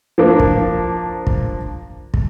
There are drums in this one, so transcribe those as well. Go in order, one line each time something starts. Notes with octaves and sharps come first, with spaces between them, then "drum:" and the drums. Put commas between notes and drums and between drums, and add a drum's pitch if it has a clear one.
F3 A#3 D4
drum: kick
drum: kick
drum: kick